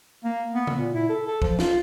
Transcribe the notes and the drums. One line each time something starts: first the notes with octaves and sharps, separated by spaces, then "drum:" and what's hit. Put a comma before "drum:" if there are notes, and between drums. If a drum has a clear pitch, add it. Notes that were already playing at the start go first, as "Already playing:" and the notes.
A#3
B3
drum: tom C#3
A#2
E4
A4
A4
F3, drum: kick
F4, drum: snare